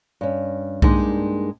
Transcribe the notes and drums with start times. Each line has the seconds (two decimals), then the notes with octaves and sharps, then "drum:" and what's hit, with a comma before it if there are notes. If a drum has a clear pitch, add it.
0.21 G2 C#4
0.82 G2 G#3 A#3 D4 D#4, drum: kick B1